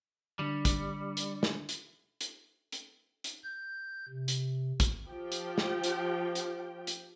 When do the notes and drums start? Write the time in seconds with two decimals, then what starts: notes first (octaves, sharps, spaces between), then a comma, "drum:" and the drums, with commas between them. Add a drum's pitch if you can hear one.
0.39 D3 G3 D4 C#7
0.65 drum: kick, hi-hat
1.17 drum: hi-hat
1.43 drum: snare
1.69 drum: hi-hat
2.21 drum: hi-hat
2.72 drum: hi-hat
3.24 drum: hi-hat
3.44 G6
4.09 C3
4.28 drum: hi-hat
4.80 drum: kick, hi-hat
5.09 F3 G4 G5
5.32 drum: hi-hat
5.58 drum: snare
5.84 drum: hi-hat
6.35 drum: hi-hat
6.87 drum: hi-hat